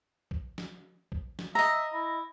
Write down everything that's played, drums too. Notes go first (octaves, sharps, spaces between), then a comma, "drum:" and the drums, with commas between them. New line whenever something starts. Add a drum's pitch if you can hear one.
drum: kick A#1
drum: snare
drum: kick A#1
drum: snare
D#5 E5 A#5
E4